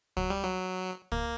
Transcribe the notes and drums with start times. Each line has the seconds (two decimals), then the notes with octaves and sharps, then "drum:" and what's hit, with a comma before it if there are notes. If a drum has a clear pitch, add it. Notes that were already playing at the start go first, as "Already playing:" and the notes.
0.17 F#3, drum: kick C#2
0.30 G3
0.44 F#3
1.12 A#3, drum: kick C#2